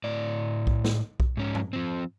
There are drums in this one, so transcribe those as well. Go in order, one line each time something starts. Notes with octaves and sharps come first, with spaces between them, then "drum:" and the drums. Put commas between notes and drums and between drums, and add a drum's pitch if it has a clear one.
A2 D5
drum: kick B1
drum: snare
drum: kick B1
G#2 C#4
drum: tom G#2
F3 C4